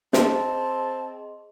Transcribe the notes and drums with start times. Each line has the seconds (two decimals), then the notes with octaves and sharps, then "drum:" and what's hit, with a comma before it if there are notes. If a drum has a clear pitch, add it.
0.13 C4 G#4 D#5 A5 C6, drum: snare